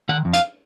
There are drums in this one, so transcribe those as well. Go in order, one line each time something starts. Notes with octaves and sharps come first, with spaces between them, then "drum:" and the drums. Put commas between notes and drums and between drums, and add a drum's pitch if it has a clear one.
D#3 F#5
F2
F5, drum: hi-hat